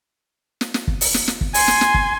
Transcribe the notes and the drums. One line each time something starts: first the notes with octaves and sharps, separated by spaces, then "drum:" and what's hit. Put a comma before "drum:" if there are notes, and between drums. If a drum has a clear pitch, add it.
drum: snare
drum: snare
drum: kick
drum: open hi-hat
drum: snare
drum: snare
drum: kick
G#5 C6, drum: open hi-hat
drum: snare
drum: snare
drum: kick